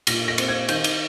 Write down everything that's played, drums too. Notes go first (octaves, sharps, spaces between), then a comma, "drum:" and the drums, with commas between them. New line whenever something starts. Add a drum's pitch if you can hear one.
A#2 A#6, drum: cymbal
A#6
C4, drum: cymbal
G#6
D#3 G6, drum: cymbal
drum: cymbal